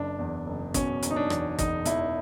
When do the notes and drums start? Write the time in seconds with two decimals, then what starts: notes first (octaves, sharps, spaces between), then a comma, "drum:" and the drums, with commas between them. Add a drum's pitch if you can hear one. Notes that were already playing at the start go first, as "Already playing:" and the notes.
Already playing: F#1 D4
0.19 E2
0.47 F#1
0.74 B2 C#4, drum: kick, hi-hat
1.03 F#1, drum: hi-hat
1.10 D#4
1.16 D4
1.30 E2, drum: rim click
1.59 E1 D#4, drum: kick, hi-hat
1.86 E2 E4, drum: hi-hat